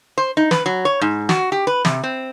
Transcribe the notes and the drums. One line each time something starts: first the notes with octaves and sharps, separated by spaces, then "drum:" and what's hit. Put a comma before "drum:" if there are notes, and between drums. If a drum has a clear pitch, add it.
C5
D#4
B4, drum: snare
F#3
C#5
G#2
F#4, drum: snare
G4
B4
C3, drum: snare
C4